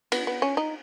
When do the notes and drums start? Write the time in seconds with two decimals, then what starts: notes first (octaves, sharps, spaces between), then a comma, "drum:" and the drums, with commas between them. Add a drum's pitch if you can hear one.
0.12 B3, drum: cymbal
0.27 B3
0.42 C#4
0.57 D#4